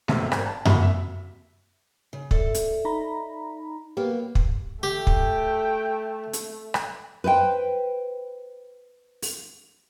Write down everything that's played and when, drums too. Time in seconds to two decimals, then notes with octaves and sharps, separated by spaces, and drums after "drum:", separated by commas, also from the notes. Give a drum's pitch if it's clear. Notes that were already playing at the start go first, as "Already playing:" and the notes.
0.08 B1 F#2 A2 C3, drum: snare G#3
0.32 G#1, drum: rim click
0.46 A5
0.65 C2 A#2 F#4 B5, drum: tom F#2
0.82 E5
2.13 C#3
2.31 A4 D5 E5, drum: kick
2.54 drum: hi-hat
2.85 D#4 A#5 B5
3.97 F#3 A#3 B3 G4 B4
4.35 drum: kick
4.83 A3 G4 G5
5.07 drum: kick
6.33 drum: hi-hat
6.74 drum: rim click
7.24 B4 C5 D#5 G5
9.22 drum: open hi-hat